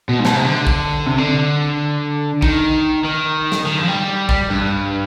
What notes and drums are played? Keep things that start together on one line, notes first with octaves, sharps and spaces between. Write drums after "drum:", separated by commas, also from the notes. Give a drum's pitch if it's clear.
B2
G#2
B2, drum: snare
C3
D3
drum: kick A1
C3
D3
D#3, drum: kick A1
D#3
drum: snare
D#3
D3
F3
G3
G3, drum: kick A1
G2